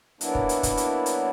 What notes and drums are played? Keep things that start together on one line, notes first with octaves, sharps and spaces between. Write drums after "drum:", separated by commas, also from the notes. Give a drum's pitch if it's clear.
F#3 A#3 B3 D4 E4, drum: hi-hat
drum: kick
drum: hi-hat
drum: kick, hi-hat
drum: hi-hat
drum: hi-hat